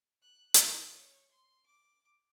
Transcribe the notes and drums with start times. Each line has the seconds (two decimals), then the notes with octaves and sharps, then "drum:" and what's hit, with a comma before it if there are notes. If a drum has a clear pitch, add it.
0.21 F#6
0.54 F#6, drum: hi-hat
0.90 C#5
1.31 C6
1.66 D6